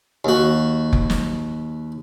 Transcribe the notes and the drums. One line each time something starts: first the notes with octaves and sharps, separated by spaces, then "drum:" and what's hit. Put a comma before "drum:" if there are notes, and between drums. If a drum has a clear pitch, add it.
D#2 F#4
drum: kick F1
drum: snare